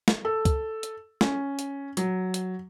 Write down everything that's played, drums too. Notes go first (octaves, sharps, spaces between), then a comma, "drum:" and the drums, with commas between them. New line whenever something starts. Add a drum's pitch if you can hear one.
drum: snare
A4
drum: kick C#2, hi-hat
drum: hi-hat
C#4, drum: snare
drum: hi-hat
F#3, drum: hi-hat
drum: hi-hat